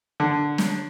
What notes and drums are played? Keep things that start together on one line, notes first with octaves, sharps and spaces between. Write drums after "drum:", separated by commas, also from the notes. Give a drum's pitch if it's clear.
D3
drum: snare